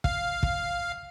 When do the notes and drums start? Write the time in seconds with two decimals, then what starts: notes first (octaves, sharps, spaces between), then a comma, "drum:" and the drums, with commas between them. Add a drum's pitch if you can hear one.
0.04 F5, drum: kick
0.43 drum: kick